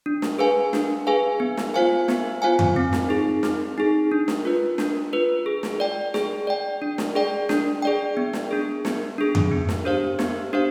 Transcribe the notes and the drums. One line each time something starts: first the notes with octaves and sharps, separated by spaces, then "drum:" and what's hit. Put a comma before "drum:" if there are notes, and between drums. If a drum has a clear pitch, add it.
D4
drum: snare
G#4 B4 F5 G#5
D4, drum: snare
G#4 B4 F5 G#5
B3
drum: snare
F4 C5 F5 G#5
B3, drum: snare
F4 C5 F5 G#5
drum: tom F2
C4
drum: snare
D#4 G#4
C4, drum: snare
D#4 G#4
D4
drum: snare
F4 B4
D4, drum: snare
F4 B4
G#4
drum: snare
D5 G5
G#4, drum: snare
D5 G5
D4
drum: snare
G#4 D5 G5
D4, drum: snare
G#4 D5 G5
B3
drum: snare
D4 G#4
B3, drum: snare
D4 G#4
drum: tom F2
B3
drum: snare
D4 G4 C5 F5
B3, drum: snare
D4 G4 C5 F5